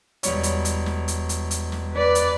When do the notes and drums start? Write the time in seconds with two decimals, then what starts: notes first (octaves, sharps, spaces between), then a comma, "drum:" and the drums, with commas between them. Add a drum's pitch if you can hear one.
0.23 E1 G3 C#5, drum: hi-hat
0.43 drum: hi-hat
0.65 drum: hi-hat
0.86 drum: snare
1.08 drum: hi-hat
1.29 drum: hi-hat
1.51 drum: hi-hat
1.72 drum: snare
1.94 B4 D5
2.15 drum: hi-hat